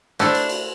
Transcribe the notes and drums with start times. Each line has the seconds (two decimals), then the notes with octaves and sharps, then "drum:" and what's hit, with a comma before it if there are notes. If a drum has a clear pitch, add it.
0.19 A3 D4 E4 A4 C5, drum: cymbal
0.35 drum: cymbal
0.49 drum: cymbal